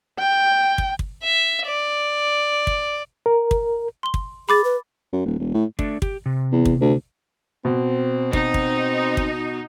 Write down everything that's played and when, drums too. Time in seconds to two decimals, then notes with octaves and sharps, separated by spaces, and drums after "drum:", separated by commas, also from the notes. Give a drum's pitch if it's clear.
0.19 G5
0.78 drum: kick
0.99 drum: kick
1.23 E5
1.66 D5
2.67 drum: kick
3.26 A#4
3.51 drum: kick
4.03 C6 G7
4.14 drum: kick
4.49 G#4 B5 D6 A6
4.64 B4
5.13 F#2
5.26 D#1
5.39 E1
5.54 A2
5.79 A3 D4, drum: kick
6.02 G4, drum: kick
6.26 C3
6.52 E2
6.65 drum: kick
6.81 D2
7.65 B2 C4
8.33 C4 D#4, drum: kick
8.54 drum: kick
9.17 drum: kick